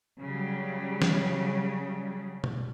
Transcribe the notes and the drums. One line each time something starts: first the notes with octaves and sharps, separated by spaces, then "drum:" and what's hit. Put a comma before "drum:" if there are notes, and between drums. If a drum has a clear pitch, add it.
C#3 F#3 G3
drum: snare
drum: tom B2